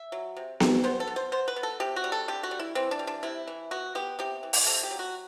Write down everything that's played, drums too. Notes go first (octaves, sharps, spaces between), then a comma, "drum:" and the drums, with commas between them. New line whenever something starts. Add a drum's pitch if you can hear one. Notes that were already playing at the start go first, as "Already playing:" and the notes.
Already playing: E5
F#3
C3
G3, drum: snare B3
B3 C5
A4
B3
C5
B3 C5
B4
B3
A4
C3 G4
F#4
G3
A4
D3 G4
F#4
G3
E4
E3 C4
D4
G3
D4
C3 E4
E3
B3 F#4
B3 G4
C3 G4
E3
drum: open hi-hat
C3 A4
G4
F#3
F#4